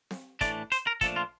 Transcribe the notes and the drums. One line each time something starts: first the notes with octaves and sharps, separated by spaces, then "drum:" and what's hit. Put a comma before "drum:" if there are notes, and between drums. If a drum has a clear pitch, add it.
drum: snare C4
A2 E3 A3 D4 D5, drum: kick, hi-hat
C5, drum: hi-hat
A#4
A#2 F3 A3 D4 A4, drum: kick, hi-hat
F4